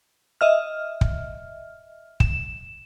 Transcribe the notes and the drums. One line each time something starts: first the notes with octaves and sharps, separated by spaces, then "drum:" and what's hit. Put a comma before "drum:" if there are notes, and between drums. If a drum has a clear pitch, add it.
D#5 E5 F6
drum: kick
E7, drum: kick